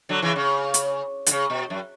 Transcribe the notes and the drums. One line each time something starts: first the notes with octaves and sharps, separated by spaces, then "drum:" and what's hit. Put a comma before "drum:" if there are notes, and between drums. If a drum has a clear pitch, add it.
D3 F#3
C#3 E3
C#3
drum: hi-hat
D3, drum: hi-hat
C#3
B2
F#2